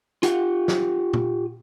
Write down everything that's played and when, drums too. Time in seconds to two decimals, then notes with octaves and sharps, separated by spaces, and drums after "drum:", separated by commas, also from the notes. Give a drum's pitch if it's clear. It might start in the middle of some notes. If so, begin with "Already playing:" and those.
0.23 F4 G4 F#5, drum: hi-hat
0.68 drum: snare
1.14 drum: tom A#2